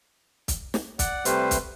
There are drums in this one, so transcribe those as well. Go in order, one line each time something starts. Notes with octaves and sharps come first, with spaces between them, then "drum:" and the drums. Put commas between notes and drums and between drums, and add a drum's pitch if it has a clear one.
drum: kick B1, hi-hat
drum: snare
D5 F#5, drum: kick B1, hi-hat
C3 G3 A3 B4 C5, drum: hi-hat
drum: kick B1, hi-hat